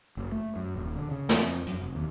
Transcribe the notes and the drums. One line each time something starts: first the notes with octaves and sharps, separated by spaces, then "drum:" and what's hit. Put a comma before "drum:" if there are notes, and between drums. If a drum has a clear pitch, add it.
F#1
A3
F#2
D#1
D3
C#3
F2, drum: snare
F#2, drum: hi-hat
F1
D#2